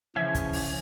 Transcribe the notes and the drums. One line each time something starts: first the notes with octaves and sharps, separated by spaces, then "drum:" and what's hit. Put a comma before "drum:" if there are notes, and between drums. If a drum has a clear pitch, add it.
C#3 E3 F3 C#4 E5 G#5
drum: kick, hi-hat
drum: open hi-hat